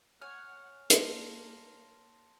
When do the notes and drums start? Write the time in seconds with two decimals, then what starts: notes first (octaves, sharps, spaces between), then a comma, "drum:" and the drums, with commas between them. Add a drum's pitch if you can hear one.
0.22 C#5 F#5 G#5 F6
0.90 A#3 A5 C6 A#6, drum: hi-hat